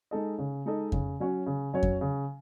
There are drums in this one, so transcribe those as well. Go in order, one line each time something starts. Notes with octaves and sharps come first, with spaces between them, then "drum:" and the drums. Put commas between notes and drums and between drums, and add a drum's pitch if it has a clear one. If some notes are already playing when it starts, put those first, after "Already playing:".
G#3 D#4 A4 D#5
C#3
G#3 D#4 A4 D#5
C#3, drum: kick F2
F#3 C#4 F#4 C#5
C#3
F#3 C#4 F#4 C#5
drum: kick F2
C#3